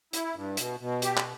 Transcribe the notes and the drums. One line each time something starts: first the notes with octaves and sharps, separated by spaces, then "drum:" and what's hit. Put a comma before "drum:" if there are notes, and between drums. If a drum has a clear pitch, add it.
E4, drum: hi-hat
G2
B2, drum: hi-hat
B2
G4, drum: hi-hat
drum: clap